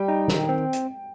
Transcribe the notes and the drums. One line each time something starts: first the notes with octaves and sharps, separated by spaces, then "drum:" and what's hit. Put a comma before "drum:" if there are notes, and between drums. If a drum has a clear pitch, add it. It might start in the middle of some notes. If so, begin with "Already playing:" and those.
Already playing: G3 G5
D#4
D#3, drum: snare
C4
drum: hi-hat